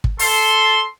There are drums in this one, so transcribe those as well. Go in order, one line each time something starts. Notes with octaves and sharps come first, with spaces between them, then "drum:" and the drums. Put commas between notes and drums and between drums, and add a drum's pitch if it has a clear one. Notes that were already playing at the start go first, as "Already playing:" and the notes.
drum: kick
A4 C6, drum: open hi-hat